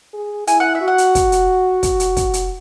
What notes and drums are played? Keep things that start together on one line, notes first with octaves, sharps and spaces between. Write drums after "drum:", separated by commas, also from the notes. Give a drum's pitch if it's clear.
G#4
E4 G#5, drum: hi-hat
F#5
E5
F#4
F#5
drum: hi-hat
drum: kick, hi-hat
drum: hi-hat
drum: kick, hi-hat
drum: hi-hat
drum: kick, hi-hat
drum: hi-hat